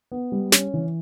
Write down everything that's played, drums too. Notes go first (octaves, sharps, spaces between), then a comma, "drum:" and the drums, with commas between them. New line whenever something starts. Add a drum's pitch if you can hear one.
B3
G3
C#4, drum: snare
E3